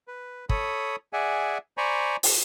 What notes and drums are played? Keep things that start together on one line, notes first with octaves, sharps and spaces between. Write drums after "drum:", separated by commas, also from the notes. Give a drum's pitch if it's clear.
B4
A4 C#5 B5 D#6, drum: kick
G#4 D5 E5 F#5 G#5
C5 D5 G#5 A#5 B5 C#6
drum: open hi-hat